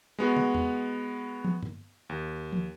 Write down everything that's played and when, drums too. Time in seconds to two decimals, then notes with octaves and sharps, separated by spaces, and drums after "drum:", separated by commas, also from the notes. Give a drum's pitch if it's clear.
0.19 G#3 B3 F#4
0.37 drum: tom
0.55 drum: tom E2
1.45 drum: tom
1.63 drum: tom
2.09 D#2
2.53 drum: tom